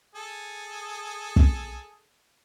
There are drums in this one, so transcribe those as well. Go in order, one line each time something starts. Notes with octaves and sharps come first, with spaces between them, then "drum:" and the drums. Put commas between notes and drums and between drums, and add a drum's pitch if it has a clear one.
G#4 A4
drum: kick